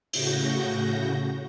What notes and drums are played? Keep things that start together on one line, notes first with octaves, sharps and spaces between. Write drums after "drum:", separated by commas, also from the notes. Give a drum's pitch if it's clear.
A2 C#3 F#4 G6 A#6, drum: open hi-hat